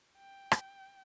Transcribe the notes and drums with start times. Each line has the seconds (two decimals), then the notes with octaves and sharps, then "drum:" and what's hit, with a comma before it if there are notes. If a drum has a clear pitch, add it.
0.18 G5
0.52 drum: rim click